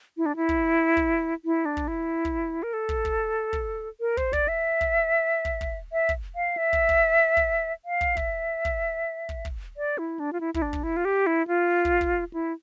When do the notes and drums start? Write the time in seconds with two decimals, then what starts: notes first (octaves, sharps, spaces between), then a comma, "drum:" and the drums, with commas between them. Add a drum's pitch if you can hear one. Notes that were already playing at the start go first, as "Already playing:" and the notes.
0.17 E4
0.26 D4
0.36 E4
0.49 drum: kick
0.97 drum: kick
1.45 E4
1.65 D4
1.77 drum: kick
1.88 E4
2.25 drum: kick
2.63 A#4
2.73 A4
2.89 drum: kick
3.05 drum: kick
3.53 drum: kick
4.01 A#4
4.17 C5, drum: kick
4.33 D5, drum: kick
4.48 E5
4.81 drum: kick
5.45 drum: kick
5.61 drum: kick
5.93 E5
6.09 drum: kick
6.36 F5
6.57 E5
6.73 drum: kick
6.89 drum: kick
7.37 drum: kick
7.85 F5
8.01 drum: kick
8.17 E5, drum: kick
8.65 drum: kick
9.29 drum: kick
9.45 drum: kick
9.77 D5
9.98 E4
10.20 D4
10.33 F4
10.40 E4
10.54 E4, drum: kick
10.62 D4
10.73 drum: kick
10.83 E4
10.97 F4
11.05 G4
11.27 E4
11.48 F4
11.85 drum: kick
12.01 drum: kick
12.33 E4